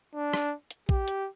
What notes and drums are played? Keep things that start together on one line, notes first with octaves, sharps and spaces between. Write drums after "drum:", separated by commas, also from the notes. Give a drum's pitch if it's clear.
D4
drum: rim click
drum: hi-hat
G4, drum: kick
drum: hi-hat